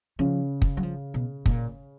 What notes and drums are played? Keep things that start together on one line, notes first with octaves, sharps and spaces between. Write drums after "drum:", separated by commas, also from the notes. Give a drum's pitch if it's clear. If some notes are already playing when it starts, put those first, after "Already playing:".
C#3 F3
drum: kick
F#3
F3
B2
A#2, drum: kick